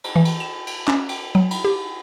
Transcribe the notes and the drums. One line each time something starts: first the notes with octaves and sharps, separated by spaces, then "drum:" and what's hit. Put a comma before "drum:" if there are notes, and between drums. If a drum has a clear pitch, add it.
drum: cymbal
E3
drum: cymbal
E7
drum: cymbal
C#4, drum: clap
drum: cymbal
F#3
drum: cymbal
G4